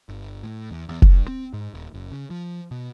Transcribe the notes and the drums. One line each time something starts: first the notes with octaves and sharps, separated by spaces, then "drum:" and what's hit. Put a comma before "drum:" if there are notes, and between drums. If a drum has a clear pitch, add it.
G1
A2
E2
E2
G2, drum: kick F1
C4
G#2
D#1
F#1
C#3
F3
B2